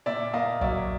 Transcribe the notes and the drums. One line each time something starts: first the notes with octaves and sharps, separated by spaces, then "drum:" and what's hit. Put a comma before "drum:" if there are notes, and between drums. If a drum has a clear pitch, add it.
A#2 D5 E5
A#3 D#5 F5
F#3 D5 E5, drum: kick